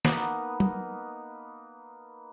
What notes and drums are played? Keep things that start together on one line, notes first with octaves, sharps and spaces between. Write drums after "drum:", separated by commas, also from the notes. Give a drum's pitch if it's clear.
A#3 B3 D#4 B4, drum: snare
drum: tom F#3